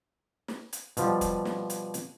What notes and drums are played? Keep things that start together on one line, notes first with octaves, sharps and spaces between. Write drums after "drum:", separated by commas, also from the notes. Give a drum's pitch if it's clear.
drum: snare
drum: hi-hat
B2 F3 G3, drum: hi-hat
drum: kick, hi-hat
drum: snare
drum: hi-hat
drum: hi-hat